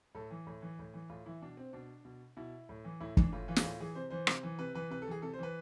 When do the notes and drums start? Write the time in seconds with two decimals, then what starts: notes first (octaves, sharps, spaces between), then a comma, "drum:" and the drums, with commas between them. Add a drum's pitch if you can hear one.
0.15 A2 A4
0.31 E3
0.47 A2
0.62 E3
0.79 A2
0.94 E3
1.10 A2 F4
1.26 E3 E4
1.42 B2 D4
1.57 C4
1.73 B2 D4
2.05 B2
2.37 B2 E4
2.69 A2
2.85 E3
3.00 A2 E4
3.17 E3 D4, drum: kick
3.32 A2 F4
3.48 E3 F4
3.56 G#4, drum: snare
3.63 A2 F4
3.80 E3 G#4
3.95 C3 C5
4.10 E3 C5
4.27 C3, drum: rim click
4.43 E3
4.59 C3 B4
4.74 E3 B4
4.90 C3 B4
5.02 A4
5.07 E3 G#4
5.22 C3 A4
5.34 C5
5.39 E3 B4